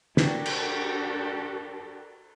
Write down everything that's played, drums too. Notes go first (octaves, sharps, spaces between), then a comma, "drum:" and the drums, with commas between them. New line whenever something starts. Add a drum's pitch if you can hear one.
D4 F#4 G4 A4 A#4, drum: snare
drum: cymbal